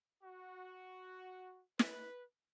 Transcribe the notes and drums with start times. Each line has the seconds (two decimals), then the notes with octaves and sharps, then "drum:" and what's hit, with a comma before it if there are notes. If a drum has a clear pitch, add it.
0.23 F#4
1.79 B4, drum: snare